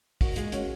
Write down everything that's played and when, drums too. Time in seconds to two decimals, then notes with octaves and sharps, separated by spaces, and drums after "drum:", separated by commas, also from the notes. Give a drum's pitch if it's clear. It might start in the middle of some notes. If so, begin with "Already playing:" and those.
0.21 D#3 F#4, drum: kick, open hi-hat
0.36 G#3 F4 G#4, drum: hi-hat
0.52 C#4 F#4, drum: hi-hat